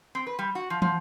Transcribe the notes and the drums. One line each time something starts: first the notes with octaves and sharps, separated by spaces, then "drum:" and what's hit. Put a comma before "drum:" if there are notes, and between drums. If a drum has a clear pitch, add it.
C4
B4
G3
F#4
F3
F3, drum: tom